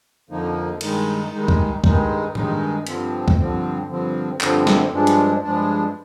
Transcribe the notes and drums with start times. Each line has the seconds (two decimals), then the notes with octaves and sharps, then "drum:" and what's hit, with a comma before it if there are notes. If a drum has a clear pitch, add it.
0.29 F2 D3 F3 A#3 D#4
0.81 G2 D#3 G#3 D#4, drum: cymbal
1.32 G2 D#3 G#3 D#4
1.48 drum: kick C#2
1.84 G2 D#3 G#3 D#4, drum: kick C#2
2.35 G2 D#3 G#3 D#4, drum: tom A2
2.87 G2 D3 F3 C4, drum: hi-hat
3.28 drum: kick C#2
3.37 G2 D3 F3 C4
3.88 G2 D3 F3 C4
4.41 G2 D3 F3 C4, drum: clap
4.67 drum: snare
4.91 G2 F3 G#3 D4
5.07 drum: hi-hat
5.43 G2 F3 G#3 D4